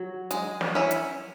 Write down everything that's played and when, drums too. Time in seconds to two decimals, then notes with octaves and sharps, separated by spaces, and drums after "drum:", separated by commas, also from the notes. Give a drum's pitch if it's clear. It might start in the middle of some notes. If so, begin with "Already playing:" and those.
Already playing: F#3
0.31 G#3, drum: hi-hat
0.61 drum: snare
0.75 C#4 E4
0.91 drum: hi-hat